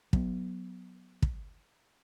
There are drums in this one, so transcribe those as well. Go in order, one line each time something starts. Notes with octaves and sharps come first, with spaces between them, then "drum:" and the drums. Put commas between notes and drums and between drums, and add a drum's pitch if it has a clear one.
F#3 B3, drum: kick
drum: kick